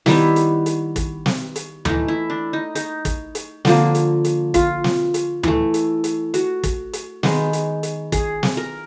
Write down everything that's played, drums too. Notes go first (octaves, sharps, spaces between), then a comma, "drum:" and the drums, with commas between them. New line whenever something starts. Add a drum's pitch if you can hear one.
D#3 G3 B3 E4, drum: snare
drum: hi-hat
drum: hi-hat
drum: kick, hi-hat
drum: snare
drum: hi-hat
E3 A3 D#4, drum: tom D2
E4
D4
D#4
D#4, drum: hi-hat
drum: kick, hi-hat
drum: hi-hat
D3 F3 A#3, drum: snare
drum: hi-hat
drum: hi-hat
F4, drum: kick, hi-hat
drum: snare
drum: hi-hat
E3 A3, drum: tom D2
drum: hi-hat
drum: hi-hat
F#4, drum: hi-hat
drum: kick, hi-hat
drum: hi-hat
D#3 G#3 B3, drum: snare
drum: hi-hat
drum: hi-hat
G#4, drum: kick, hi-hat
drum: snare
A#4